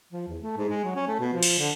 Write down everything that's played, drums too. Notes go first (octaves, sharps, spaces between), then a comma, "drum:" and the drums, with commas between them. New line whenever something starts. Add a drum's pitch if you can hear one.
F3
E2
A3
G#2
G#3
F#3
C#4
A3
B2
F3
drum: cymbal
D3